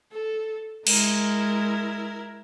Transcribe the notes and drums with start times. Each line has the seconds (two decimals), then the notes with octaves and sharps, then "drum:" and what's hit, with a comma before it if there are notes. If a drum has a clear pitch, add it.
0.12 A4
0.87 G#3 E4 A#4, drum: cymbal